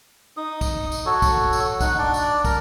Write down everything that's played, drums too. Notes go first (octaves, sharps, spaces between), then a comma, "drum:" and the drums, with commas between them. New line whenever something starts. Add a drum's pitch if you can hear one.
D#4 D#6
drum: kick, tambourine
drum: tambourine
F#4 A4 C#5
drum: kick, tambourine
drum: tambourine
D#4 F#5, drum: kick, tambourine
D4 D5
drum: tambourine
A#4, drum: kick, tambourine